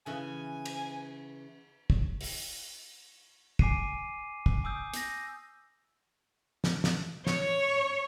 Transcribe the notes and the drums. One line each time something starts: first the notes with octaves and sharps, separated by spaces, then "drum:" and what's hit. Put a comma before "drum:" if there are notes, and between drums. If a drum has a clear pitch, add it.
C#3 E3 G#5
drum: cymbal
drum: kick
drum: open hi-hat
G#5 D6 C7 D#7, drum: kick
drum: kick
G#5 D#6 E6 G6
G6 A#6, drum: hi-hat
drum: snare
drum: snare
C#5, drum: snare